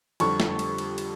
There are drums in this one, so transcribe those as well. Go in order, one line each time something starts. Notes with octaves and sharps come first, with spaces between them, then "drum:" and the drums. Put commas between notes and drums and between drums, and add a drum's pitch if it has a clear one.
F2 D3 G3 C#6, drum: cymbal
drum: snare
drum: cymbal
drum: cymbal
drum: cymbal